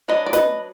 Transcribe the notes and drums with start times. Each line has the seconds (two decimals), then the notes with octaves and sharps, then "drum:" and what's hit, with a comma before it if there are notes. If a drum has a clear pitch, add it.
0.08 F#3 D4 B4 D#5
0.26 D5
0.33 B4 D#5, drum: snare